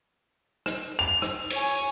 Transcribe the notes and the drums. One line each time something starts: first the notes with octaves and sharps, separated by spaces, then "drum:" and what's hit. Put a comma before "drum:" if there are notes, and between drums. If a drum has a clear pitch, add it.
drum: rim click
F7
drum: rim click
C#5 G#5, drum: cymbal